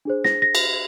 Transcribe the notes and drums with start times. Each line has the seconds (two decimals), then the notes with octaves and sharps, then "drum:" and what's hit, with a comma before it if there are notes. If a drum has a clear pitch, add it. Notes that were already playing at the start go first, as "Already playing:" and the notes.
0.05 D4 G#4 C5
0.24 A#6, drum: snare
0.42 A#6
0.55 drum: cymbal